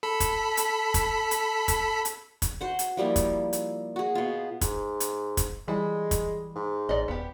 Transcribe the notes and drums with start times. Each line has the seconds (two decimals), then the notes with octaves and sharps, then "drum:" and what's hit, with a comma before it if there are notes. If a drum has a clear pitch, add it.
0.03 A4 B5 B6
0.20 drum: kick, hi-hat
0.57 drum: hi-hat
0.94 drum: kick, hi-hat
1.31 drum: hi-hat
1.68 drum: kick, hi-hat
2.05 drum: hi-hat
2.42 drum: kick, hi-hat
2.61 F#4 C5 F#5
2.79 drum: hi-hat
2.97 F3 G3 A#3 E4
3.16 drum: kick, hi-hat
3.53 drum: hi-hat
3.96 F#4 G#4
4.15 B2 F4
4.61 G#2, drum: kick, hi-hat
5.00 drum: hi-hat
5.37 drum: kick, hi-hat
5.68 E3 G3 G#3
6.11 drum: kick, hi-hat
6.56 G#2
6.89 A1 D5 D#5
7.08 D#1 B3 G4